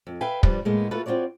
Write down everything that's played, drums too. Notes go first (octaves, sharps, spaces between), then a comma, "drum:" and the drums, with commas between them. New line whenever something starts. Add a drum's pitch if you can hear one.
F2
B4 E5 F5 G5 G#5
G2 F3 G3 B4, drum: kick
A2 G#3 A#3 B3
A3 A#3 F4 F#4 A4 B4
C4 F4 F#4 C#5 D5